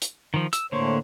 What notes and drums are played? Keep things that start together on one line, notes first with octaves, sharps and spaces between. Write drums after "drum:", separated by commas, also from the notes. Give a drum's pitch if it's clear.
drum: hi-hat
D#3 F3
E6, drum: hi-hat
A2 D3 A#3 C5 C#5